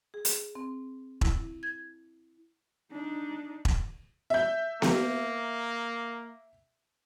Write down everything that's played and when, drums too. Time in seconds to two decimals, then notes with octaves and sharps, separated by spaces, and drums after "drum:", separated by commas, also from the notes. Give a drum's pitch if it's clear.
0.14 G#4
0.25 drum: hi-hat
0.55 C4
1.21 E4, drum: kick E1
1.63 G#6
2.91 D4 D#4
3.65 drum: kick E1
4.30 E5 G6
4.82 A#3, drum: snare B3